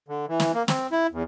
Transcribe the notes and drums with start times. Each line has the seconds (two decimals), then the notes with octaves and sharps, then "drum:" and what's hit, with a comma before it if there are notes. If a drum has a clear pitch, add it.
0.08 D3
0.28 E3
0.40 drum: snare
0.54 A#3
0.68 C4, drum: snare
0.92 E4
1.11 E2